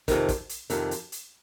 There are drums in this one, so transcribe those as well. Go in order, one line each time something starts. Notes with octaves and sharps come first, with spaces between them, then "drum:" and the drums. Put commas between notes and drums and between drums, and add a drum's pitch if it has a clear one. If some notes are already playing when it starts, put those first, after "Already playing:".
F2 C3 D#3, drum: kick, hi-hat
drum: kick, hi-hat
drum: hi-hat
F2 C3 D#3, drum: hi-hat
drum: hi-hat
drum: hi-hat